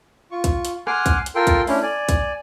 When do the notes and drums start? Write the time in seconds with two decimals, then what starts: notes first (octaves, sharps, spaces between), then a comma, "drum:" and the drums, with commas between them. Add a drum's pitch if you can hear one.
0.32 F4 C#6
0.44 drum: kick, hi-hat
0.65 drum: hi-hat
0.87 F#5 G#5 C6 D6 F6, drum: rim click
1.06 drum: kick, hi-hat
1.26 drum: hi-hat
1.35 F4 A4 A#4 G5 C6
1.47 drum: kick, hi-hat
1.67 A3 C#4 D4 E4, drum: open hi-hat
1.82 D5 G#5
2.09 drum: kick, hi-hat